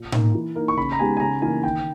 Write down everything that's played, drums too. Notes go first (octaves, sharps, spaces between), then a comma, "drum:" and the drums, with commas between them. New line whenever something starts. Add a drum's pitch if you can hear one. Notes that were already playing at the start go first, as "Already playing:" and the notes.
Already playing: A#2
A#3 D#4, drum: tom A2
E3
A#3 D#4 A#4
C#6
C#3 B5
A#5
G#3 B3 D#4 G4 G#5
G#5
C#3 A#5
E3 A#3 D#4 A#4 G#5
D#3 G5